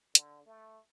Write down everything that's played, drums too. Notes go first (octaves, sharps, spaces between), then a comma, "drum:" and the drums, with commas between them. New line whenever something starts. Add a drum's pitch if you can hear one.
D3, drum: hi-hat
A3